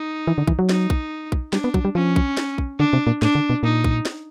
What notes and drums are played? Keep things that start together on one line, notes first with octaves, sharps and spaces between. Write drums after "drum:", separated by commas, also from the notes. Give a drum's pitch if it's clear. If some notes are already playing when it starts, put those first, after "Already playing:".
Already playing: D#4
E3
D3
E3, drum: kick
F#3
D#4, drum: snare
drum: kick
drum: kick
G3 D4, drum: snare
B3
F#3, drum: kick
G3
F3 C#4
drum: kick
drum: snare
drum: kick
D3 D4
C3
A#2
A2 D4, drum: snare
D3
B2
A#2 D#4
drum: kick
drum: snare